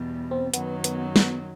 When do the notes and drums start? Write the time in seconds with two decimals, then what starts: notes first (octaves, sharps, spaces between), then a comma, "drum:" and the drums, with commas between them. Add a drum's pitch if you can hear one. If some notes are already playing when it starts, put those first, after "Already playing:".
Already playing: E2 B2 G3
0.31 C4
0.54 F#2 D#3 F#3 B3, drum: hi-hat
0.84 B3, drum: hi-hat
1.16 B3, drum: snare